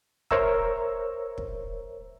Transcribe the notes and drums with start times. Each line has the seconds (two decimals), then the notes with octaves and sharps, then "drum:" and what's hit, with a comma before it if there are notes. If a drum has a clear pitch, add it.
0.31 A#4 C5 C#5 E5 A#5 E6, drum: kick
1.38 drum: kick